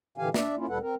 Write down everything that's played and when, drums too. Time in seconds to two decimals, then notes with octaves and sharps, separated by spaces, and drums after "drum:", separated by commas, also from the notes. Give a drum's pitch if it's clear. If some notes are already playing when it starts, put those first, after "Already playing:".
0.18 A#2 D3 E3 G4 F5 G#5
0.34 D4 D5 E5, drum: snare
0.57 A#3 C#4 E4 F4
0.69 D2 A#2 G3 A4 B4 F#5
0.81 C4 A#4